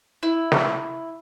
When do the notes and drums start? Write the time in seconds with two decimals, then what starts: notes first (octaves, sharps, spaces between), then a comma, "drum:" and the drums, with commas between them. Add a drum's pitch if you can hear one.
0.23 E4
0.52 drum: snare